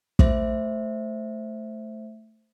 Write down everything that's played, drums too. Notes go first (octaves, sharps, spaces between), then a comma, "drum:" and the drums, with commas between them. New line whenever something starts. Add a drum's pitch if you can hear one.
A3 C5 E5, drum: kick